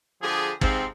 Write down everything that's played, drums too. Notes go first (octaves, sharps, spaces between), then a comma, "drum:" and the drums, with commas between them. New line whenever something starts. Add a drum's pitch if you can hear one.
D3 F3 G4 G#4
G#2 C3 F3 C4, drum: kick